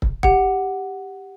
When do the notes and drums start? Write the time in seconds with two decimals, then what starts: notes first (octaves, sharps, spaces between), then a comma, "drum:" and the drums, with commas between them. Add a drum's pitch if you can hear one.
0.02 drum: kick
0.23 G4 F#5, drum: kick